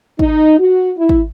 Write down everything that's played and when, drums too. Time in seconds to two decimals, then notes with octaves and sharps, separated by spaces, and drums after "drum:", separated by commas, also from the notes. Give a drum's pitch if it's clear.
0.19 D#4, drum: kick G#1
0.59 F#4
0.97 E4
1.09 drum: kick G#1